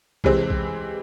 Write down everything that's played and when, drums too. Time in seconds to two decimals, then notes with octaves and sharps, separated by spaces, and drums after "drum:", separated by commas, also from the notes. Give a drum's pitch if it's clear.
0.24 C3 E3 G#3 C4, drum: kick B1
0.50 drum: kick B1